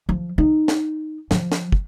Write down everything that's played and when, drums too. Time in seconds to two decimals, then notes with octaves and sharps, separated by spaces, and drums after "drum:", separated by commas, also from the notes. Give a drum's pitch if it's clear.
0.09 F3
0.38 D#4
0.68 drum: snare
1.31 F3, drum: snare
1.52 drum: snare
1.72 drum: kick